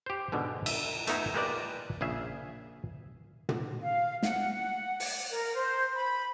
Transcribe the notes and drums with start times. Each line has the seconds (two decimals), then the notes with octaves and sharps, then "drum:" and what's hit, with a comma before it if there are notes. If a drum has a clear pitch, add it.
0.06 G4 C5
0.32 G#2 B2 D3
0.66 E5, drum: cymbal
1.07 A3 B3 D#4 E4, drum: hi-hat
1.34 G#3 A#3 G4 A#4 B4 D5
2.01 A#1 C#3 G#4 E5
3.49 drum: tom
3.81 F5
4.23 F#5, drum: snare
4.53 F#5
5.00 drum: open hi-hat
5.30 A#4
5.54 C5
5.94 B5